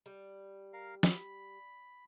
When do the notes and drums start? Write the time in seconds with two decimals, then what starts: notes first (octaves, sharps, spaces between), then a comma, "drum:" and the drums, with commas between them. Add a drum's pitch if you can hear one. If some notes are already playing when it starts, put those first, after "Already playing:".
0.06 G3
0.73 A#4 F5
1.03 B5, drum: snare